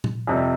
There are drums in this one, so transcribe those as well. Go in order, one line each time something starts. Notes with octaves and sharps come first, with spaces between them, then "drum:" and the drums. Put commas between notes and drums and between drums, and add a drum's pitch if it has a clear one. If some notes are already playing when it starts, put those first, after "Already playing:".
drum: tom
F2 C3 G3